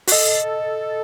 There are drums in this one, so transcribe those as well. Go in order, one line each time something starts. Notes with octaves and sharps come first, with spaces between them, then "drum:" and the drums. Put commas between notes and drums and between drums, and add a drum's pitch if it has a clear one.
F#4, drum: open hi-hat
A4 D#5